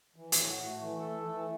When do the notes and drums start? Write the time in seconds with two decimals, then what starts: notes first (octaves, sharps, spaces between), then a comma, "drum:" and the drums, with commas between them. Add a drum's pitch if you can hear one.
0.16 E3
0.32 A2, drum: hi-hat
0.49 F#4
0.66 A3
0.82 E3
0.99 A4
1.17 A3
1.33 E3